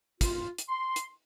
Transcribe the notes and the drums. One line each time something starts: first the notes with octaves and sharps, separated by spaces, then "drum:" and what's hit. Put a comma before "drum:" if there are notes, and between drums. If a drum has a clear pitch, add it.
F4, drum: kick, hi-hat
drum: hi-hat
C6
drum: hi-hat